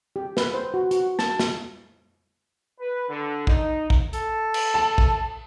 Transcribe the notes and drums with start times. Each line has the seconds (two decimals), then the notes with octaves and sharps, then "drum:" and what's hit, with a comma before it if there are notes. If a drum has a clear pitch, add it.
0.16 G4
0.37 B4, drum: snare
0.54 C5
0.74 F#4
0.91 F#4, drum: hi-hat
1.19 A5, drum: snare
1.39 drum: snare
2.79 B4
3.08 D3
3.47 D#4, drum: kick
3.90 drum: kick
4.13 A4, drum: hi-hat
4.54 drum: cymbal
4.74 A5
4.98 drum: kick